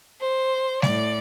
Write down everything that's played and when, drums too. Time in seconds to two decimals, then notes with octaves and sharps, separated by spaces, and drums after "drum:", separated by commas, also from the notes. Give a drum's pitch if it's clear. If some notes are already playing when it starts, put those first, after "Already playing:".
0.21 C5
0.82 A2 D5, drum: snare G3